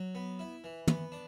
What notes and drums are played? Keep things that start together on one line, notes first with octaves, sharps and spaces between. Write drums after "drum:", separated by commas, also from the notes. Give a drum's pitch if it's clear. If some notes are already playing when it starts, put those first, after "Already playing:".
Already playing: F#3
B3
E4
E3
B3, drum: tom
D4